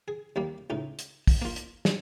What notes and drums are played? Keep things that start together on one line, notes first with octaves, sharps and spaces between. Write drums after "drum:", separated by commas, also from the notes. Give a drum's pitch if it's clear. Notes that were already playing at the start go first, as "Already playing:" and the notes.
G#4
D#2 G3 A#3
C#2 A2 D#4
drum: hi-hat
drum: kick, open hi-hat
A#3 F4
drum: hi-hat
drum: snare